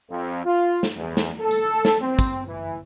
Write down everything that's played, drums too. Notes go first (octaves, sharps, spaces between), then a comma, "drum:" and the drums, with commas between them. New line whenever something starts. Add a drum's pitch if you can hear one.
F2
F4
drum: snare
E2
drum: snare
A4
drum: tambourine
drum: snare
C4
drum: kick, tambourine
E3